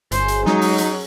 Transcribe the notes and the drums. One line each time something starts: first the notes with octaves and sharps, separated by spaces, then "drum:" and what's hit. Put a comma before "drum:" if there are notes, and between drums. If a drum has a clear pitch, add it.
G1 F#2 G#4 C5, drum: hi-hat
drum: hi-hat
F#3 G#3 D#4 F#4, drum: snare
drum: open hi-hat
drum: hi-hat